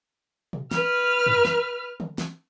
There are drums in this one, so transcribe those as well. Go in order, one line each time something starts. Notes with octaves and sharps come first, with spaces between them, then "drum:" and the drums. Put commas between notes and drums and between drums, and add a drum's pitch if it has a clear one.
drum: tom
B4 F6, drum: snare
drum: tom F#2
drum: snare
drum: tom
drum: snare